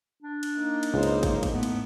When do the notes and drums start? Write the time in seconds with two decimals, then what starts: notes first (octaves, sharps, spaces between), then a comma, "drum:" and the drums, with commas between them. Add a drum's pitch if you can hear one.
0.23 D4
0.43 drum: cymbal
0.60 A#3 D#4
0.83 drum: cymbal
0.94 C#2 C5 F5
1.03 drum: cymbal
1.23 drum: kick, cymbal
1.43 drum: kick, cymbal
1.53 A2 B3
1.63 drum: cymbal